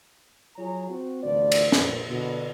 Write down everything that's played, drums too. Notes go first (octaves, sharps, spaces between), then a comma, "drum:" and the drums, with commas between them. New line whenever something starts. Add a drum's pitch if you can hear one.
F#3 F4 G#4 C#5 A#5
C4 F#4
A1 D2 F3 B3 D5
drum: cymbal
A#1 G2 B2, drum: snare
B2 D3